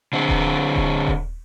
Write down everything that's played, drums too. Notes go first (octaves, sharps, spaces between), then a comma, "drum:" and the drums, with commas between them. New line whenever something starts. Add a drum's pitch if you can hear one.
D3 C4
drum: kick D#1
drum: kick D#1
drum: kick D#1